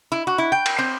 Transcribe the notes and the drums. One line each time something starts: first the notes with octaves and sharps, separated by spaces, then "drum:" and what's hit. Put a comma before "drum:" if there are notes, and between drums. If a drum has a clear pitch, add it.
E4
F#4
E4
G5
drum: cymbal
C4